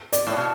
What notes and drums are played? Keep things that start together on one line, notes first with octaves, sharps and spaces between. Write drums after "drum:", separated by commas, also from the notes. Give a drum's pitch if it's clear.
D5, drum: hi-hat
A2
B2